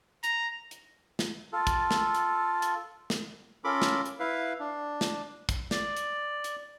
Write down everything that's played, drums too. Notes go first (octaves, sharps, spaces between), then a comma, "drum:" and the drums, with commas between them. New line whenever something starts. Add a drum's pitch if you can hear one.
A#5, drum: hi-hat
drum: hi-hat
drum: snare
F4 A4
drum: kick, hi-hat
drum: snare
drum: hi-hat
drum: hi-hat
drum: snare
C#4 F4 A4 A#4 B5 D6
drum: snare
drum: hi-hat
E4 B4 F5
D4
drum: snare
drum: kick, hi-hat
D5, drum: snare
drum: hi-hat
drum: hi-hat